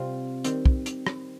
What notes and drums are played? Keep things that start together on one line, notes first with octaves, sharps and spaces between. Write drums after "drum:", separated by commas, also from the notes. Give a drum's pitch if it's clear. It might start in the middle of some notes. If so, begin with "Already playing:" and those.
Already playing: C3 G3 C4 F4
D#3 G3 C4, drum: hi-hat
drum: kick
drum: hi-hat
drum: rim click